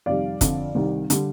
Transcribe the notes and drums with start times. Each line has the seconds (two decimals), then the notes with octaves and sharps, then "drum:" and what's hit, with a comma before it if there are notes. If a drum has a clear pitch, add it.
0.06 F2 C3 D#3 G3 D5 F5
0.41 F2 D3 F3, drum: kick, hi-hat
0.75 C2 C3 D#3 G3
1.10 D3 G3, drum: hi-hat